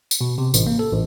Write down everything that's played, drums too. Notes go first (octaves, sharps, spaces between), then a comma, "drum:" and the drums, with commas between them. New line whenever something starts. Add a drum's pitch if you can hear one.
drum: tambourine
B2
C3
A1, drum: tambourine
A#3
A4
A1